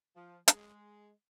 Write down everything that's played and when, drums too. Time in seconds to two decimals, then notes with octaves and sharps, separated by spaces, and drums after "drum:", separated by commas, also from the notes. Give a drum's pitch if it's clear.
0.16 F3
0.48 G#3, drum: hi-hat